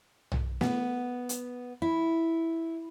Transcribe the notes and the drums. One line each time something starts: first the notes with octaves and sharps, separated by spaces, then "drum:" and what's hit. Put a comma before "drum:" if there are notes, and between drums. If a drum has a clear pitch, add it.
drum: tom
B3, drum: snare
drum: hi-hat
E4